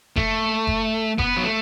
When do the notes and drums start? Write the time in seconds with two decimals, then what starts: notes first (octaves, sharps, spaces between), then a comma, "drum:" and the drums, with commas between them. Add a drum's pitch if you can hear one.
0.16 A3, drum: kick F1
0.67 drum: kick F1
1.19 B3, drum: kick F1
1.37 F#3
1.44 A3